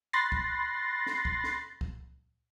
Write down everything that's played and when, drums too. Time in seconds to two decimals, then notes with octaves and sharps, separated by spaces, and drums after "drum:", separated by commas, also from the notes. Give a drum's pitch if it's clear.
0.13 B5 C6 F#6 A6 A#6 C7
0.32 drum: kick
1.06 drum: snare
1.25 drum: kick
1.44 drum: snare
1.81 drum: kick